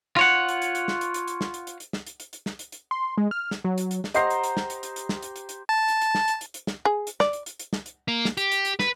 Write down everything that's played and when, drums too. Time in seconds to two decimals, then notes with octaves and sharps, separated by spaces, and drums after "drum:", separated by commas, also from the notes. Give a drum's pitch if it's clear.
0.17 F4 C#5 F#5
0.49 drum: hi-hat
0.62 drum: hi-hat
0.75 drum: hi-hat
0.88 drum: snare
1.01 drum: hi-hat
1.14 drum: hi-hat
1.28 drum: hi-hat
1.41 drum: snare
1.54 drum: hi-hat
1.67 drum: hi-hat
1.80 drum: hi-hat
1.93 drum: snare
2.07 drum: hi-hat
2.20 drum: hi-hat
2.33 drum: hi-hat
2.46 drum: snare
2.59 drum: hi-hat
2.72 drum: hi-hat
2.91 C6
3.18 G#3
3.31 F6
3.51 drum: snare
3.65 F#3
3.78 drum: hi-hat
3.91 drum: hi-hat
4.04 drum: snare
4.14 G4 C5 D#5 F#5 A#5 C7, drum: hi-hat
4.30 drum: hi-hat
4.44 drum: hi-hat
4.57 drum: snare
4.70 drum: hi-hat
4.83 drum: hi-hat
4.96 drum: hi-hat
5.09 drum: snare
5.23 drum: hi-hat
5.36 drum: hi-hat
5.49 drum: hi-hat
5.69 A5
5.88 drum: hi-hat
6.01 drum: hi-hat
6.15 drum: snare
6.28 drum: hi-hat
6.41 drum: hi-hat
6.54 drum: hi-hat
6.67 drum: snare
6.85 G#4
7.07 drum: hi-hat
7.20 D5, drum: snare
7.33 drum: hi-hat
7.46 drum: hi-hat
7.59 drum: hi-hat
7.73 drum: snare
7.86 drum: hi-hat
8.08 A#3
8.25 drum: snare
8.37 G4, drum: hi-hat
8.52 drum: hi-hat
8.65 drum: hi-hat
8.79 B4, drum: snare